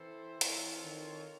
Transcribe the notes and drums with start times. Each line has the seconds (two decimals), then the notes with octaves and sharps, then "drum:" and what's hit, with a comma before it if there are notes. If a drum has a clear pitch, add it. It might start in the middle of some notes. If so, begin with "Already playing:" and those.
Already playing: E3 C4 E4 A4 C5
0.41 E3 C4 F4 A4 C#5, drum: hi-hat
0.84 D#3